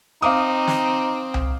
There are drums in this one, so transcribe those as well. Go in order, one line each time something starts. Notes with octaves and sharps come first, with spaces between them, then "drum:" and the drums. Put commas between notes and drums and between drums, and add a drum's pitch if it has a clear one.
C4 D#4 F5 D6 D#6
drum: snare
drum: tom C2